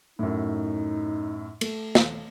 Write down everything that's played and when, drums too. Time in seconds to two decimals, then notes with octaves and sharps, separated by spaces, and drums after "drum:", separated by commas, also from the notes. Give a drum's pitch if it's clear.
0.19 F#2 A2 D#4
1.61 A3, drum: cymbal
1.95 drum: snare